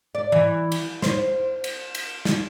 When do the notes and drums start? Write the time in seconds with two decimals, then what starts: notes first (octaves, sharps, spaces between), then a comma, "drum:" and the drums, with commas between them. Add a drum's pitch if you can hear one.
0.15 D5
0.32 E3
0.72 drum: cymbal
1.02 C5, drum: snare
1.64 drum: cymbal
1.95 drum: cymbal
2.25 drum: snare